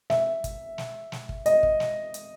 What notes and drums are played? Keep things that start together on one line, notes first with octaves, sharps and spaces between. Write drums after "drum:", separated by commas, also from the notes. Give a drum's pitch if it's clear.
E5, drum: snare
drum: kick, hi-hat
drum: snare
drum: snare
drum: kick
D#5, drum: hi-hat
drum: kick
drum: snare
drum: hi-hat